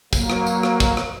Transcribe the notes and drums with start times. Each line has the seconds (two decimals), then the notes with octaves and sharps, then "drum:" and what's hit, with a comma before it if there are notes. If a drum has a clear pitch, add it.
0.13 F#3 A#3, drum: kick, tambourine
0.30 drum: rim click
0.46 drum: tambourine
0.63 drum: rim click
0.80 drum: kick, tambourine
0.97 drum: rim click